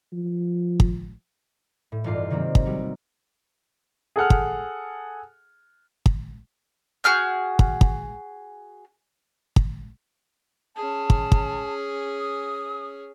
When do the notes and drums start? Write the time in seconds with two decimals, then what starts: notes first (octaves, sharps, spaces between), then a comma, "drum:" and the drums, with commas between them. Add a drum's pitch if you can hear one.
0.13 F3
0.80 drum: kick
1.92 A2
2.04 E1 G2 D#4 F4 D5 C7
2.30 C3 D#3 F#3 A#3 C4
2.55 drum: kick
2.66 F#3 G3
4.16 G#4 A4 F#5 F6
4.30 drum: kick
6.06 drum: kick
7.04 F#4 G#4 F6 G6
7.59 drum: kick
7.81 drum: kick
9.56 drum: kick
10.76 C#4 G#4 A5
11.10 drum: kick
11.32 drum: kick
12.19 D#6